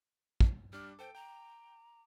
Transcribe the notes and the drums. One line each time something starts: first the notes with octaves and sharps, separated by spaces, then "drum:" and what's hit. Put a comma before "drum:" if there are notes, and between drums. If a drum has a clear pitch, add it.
drum: kick
G3 D4 D6 F6
A4 C5 G5 D7
G5 A#5